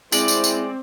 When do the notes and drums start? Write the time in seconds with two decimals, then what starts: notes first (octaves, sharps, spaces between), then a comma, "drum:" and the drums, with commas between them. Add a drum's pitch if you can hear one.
0.12 G#3 C4 E4 D5, drum: tambourine
0.28 drum: tambourine
0.44 drum: tambourine